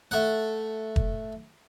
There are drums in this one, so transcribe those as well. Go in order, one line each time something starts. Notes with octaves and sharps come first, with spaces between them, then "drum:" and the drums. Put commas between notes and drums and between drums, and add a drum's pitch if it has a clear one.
A3 F#5
drum: kick